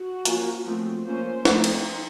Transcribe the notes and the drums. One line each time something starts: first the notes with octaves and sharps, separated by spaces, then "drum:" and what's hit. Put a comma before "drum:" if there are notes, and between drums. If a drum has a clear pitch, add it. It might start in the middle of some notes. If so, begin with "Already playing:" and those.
Already playing: F#4
F3 A#3 C#4, drum: hi-hat
F3 A3 C4
F3 A#3 C#4 C5
F3 A3 C4 D#4, drum: snare
drum: cymbal